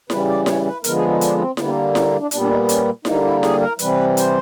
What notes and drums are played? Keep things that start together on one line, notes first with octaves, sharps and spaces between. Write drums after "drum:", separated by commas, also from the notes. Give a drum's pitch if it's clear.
C#3 E3 G3 B4, drum: snare E4
D5
C#5, drum: snare E4
B4
D3 F3 G#3 B3 A#4, drum: hi-hat
G#4
D#4
D4, drum: hi-hat
C4
D3 G3 A#3 B3, drum: snare E4
C#4, drum: snare E4
D4
A#2 G3 B3 D4, drum: hi-hat
D4
D#4
C#4, drum: hi-hat
D3 G3 A#3 D#4, drum: snare E4
E4
G#4, drum: snare E4
A#4
C3 E3 G3 B4, drum: hi-hat
C5, drum: hi-hat